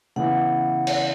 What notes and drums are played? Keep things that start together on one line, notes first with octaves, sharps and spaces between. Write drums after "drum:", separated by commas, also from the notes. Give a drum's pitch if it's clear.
C#3 E3 B3 E4 F#5
drum: cymbal